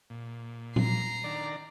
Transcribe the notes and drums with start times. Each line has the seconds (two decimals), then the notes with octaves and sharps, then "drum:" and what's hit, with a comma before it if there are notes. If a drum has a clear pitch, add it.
0.10 A#2
0.76 A#5 C7, drum: tom A#2
1.24 D#3 D4 D5